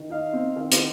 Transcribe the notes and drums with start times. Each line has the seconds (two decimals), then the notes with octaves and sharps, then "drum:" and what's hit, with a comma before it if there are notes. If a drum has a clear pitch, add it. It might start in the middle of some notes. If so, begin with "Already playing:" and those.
Already playing: D#3
0.10 D#4 F5
0.33 C4
0.56 D#3
0.72 F4, drum: hi-hat